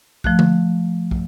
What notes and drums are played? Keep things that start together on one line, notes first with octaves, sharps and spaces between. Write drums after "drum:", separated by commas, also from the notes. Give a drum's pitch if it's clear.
F3 A3 F#6, drum: kick
drum: tom D3
drum: kick